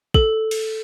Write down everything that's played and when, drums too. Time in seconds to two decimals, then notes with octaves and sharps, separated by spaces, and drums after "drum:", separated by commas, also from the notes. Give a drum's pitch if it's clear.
0.14 A4, drum: kick
0.51 drum: cymbal